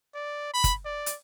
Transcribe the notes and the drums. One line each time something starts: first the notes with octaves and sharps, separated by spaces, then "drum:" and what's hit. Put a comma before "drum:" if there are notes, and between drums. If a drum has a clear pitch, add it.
D5
B5
drum: kick, hi-hat
D5
drum: hi-hat